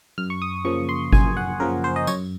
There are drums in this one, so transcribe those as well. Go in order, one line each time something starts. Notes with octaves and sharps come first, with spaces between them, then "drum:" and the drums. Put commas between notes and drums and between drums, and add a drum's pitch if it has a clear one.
F#2 F6
C#6
D#6
C#3 F3 A#3 C#6
C6
F#2 G#5, drum: kick G1
F#5
C#3 F3 A#3 A#4
C5
D#5
F#2 C#5, drum: tambourine